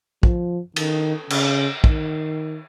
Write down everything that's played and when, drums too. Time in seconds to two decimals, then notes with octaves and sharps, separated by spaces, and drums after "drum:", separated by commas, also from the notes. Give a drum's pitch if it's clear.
0.23 F3, drum: kick
0.76 D#3, drum: cymbal
1.30 C#3, drum: cymbal
1.84 D#3, drum: kick